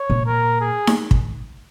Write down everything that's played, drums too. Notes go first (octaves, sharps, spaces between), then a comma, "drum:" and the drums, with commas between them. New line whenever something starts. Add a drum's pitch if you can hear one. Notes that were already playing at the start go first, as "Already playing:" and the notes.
Already playing: C#5
A#2
A#4
G#4
drum: snare D#4
drum: kick